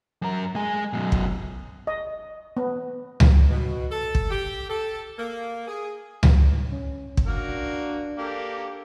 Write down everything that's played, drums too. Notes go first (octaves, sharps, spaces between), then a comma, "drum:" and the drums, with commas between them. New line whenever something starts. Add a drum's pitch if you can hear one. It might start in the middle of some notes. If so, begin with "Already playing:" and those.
F#2 A#4
G#3 G#5
F#2 B2
drum: kick
D#5
B3
drum: tom C#2
B2
A4
drum: kick
G4
A4
A#3
G#4
drum: tom C#2
C#4
drum: kick
A#3 D4 F#4 A#4
A#3 G4 A4